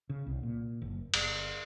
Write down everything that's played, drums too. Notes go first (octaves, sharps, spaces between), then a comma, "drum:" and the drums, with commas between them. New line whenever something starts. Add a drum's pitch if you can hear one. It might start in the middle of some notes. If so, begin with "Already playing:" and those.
C#3
C2
A#2
F#1
G1, drum: cymbal